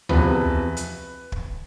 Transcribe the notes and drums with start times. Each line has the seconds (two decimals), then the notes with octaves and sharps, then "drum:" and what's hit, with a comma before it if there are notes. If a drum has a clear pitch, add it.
0.09 E2 C3 F3 B4, drum: tom
0.77 drum: hi-hat
1.32 drum: kick